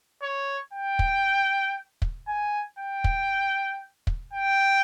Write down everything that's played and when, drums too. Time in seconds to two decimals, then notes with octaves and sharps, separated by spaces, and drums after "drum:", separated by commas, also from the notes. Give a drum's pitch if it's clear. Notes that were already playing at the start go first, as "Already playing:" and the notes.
0.22 C#5
0.73 G5
0.99 drum: kick
2.02 drum: kick
2.27 G#5
2.78 G5
3.04 drum: kick
4.07 drum: kick
4.33 G5